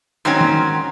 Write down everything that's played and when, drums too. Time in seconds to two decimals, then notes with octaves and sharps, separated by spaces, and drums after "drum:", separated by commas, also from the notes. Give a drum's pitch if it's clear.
0.25 G#2 D#3 F#3 C4 C#4
0.41 drum: tom D#3